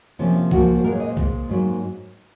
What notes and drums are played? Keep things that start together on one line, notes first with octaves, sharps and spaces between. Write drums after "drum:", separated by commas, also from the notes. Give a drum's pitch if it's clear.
C3 F3 A#3 C#4
F4
G#2 F3 A#3 F#4, drum: kick C2
C5
A#2 G#3 A#4
C#5
D#5
C5
A#2 G#3, drum: kick C2
G#2 F#3 A#3